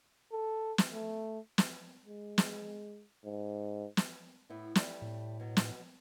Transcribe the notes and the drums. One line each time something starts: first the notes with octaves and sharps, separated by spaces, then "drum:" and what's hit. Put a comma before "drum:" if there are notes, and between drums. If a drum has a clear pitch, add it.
A4
drum: snare
A3
drum: snare
G#3
drum: snare
G#2
drum: snare
A2 B3 E4
G3 A3, drum: snare
A2
B2 F#3
drum: snare